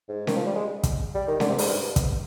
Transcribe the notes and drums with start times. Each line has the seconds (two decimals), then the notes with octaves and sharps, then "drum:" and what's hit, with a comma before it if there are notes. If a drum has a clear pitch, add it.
0.09 G#2
0.27 D#3, drum: snare C#4
0.36 F3
0.46 G3
0.55 G#3
0.83 drum: kick, hi-hat
1.14 G3
1.27 D#3
1.40 D3, drum: snare C#4
1.49 C3
1.58 G#2, drum: open hi-hat
1.68 G2
1.96 drum: kick, hi-hat